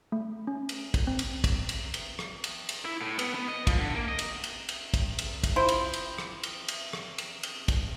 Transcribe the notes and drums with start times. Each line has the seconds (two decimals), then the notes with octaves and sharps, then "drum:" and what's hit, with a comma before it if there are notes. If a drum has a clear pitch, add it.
0.12 A3
0.47 C#4
0.69 drum: cymbal
0.94 drum: kick, cymbal
1.07 C4
1.19 drum: cymbal
1.44 drum: kick, cymbal
1.69 drum: cymbal
1.94 drum: cymbal
2.19 drum: rim click
2.44 drum: cymbal
2.69 drum: cymbal
2.85 E4
3.01 A2
3.19 B3, drum: cymbal
3.35 B3
3.48 D#5
3.67 F3, drum: kick, cymbal
3.78 D3
3.95 A#3
4.08 D#5
4.19 drum: cymbal
4.44 drum: cymbal
4.69 drum: cymbal
4.94 drum: kick, cymbal
5.19 drum: cymbal
5.44 drum: kick, cymbal
5.56 E4 F4 C5
5.69 drum: cymbal
5.93 drum: cymbal
6.18 drum: rim click
6.43 drum: cymbal
6.68 drum: cymbal
6.93 drum: rim click
7.18 drum: cymbal
7.43 drum: cymbal
7.68 drum: kick, cymbal